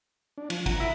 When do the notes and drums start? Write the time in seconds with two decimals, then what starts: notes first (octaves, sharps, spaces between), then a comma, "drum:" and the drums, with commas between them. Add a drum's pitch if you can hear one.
0.38 D4
0.50 F3, drum: cymbal
0.66 F#5 A#5, drum: kick, cymbal
0.80 E4